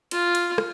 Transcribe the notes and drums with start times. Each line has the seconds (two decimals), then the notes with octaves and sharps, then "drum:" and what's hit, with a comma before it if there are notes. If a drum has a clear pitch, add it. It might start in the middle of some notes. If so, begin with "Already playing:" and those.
0.11 F4, drum: cymbal
0.35 drum: cymbal
0.58 drum: rim click